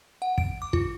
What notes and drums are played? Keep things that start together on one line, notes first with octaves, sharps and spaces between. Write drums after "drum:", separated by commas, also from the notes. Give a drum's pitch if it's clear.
F#5
D7, drum: kick
D6
F4, drum: kick